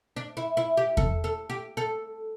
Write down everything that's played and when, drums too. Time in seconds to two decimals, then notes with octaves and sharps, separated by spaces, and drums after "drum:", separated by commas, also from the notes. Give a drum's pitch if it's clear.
0.16 D4
0.37 E4
0.57 E4
0.77 G4
0.97 A4, drum: kick E2
1.24 A4
1.50 G4
1.77 A4